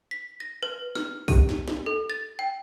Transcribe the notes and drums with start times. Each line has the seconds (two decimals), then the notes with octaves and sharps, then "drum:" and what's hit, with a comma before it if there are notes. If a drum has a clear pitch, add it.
0.11 B6
0.40 A#6
0.63 B4
0.95 F6, drum: snare
1.28 G4, drum: kick A#1, open hi-hat
1.49 drum: snare
1.68 drum: snare
1.86 A4
2.10 A6
2.39 G5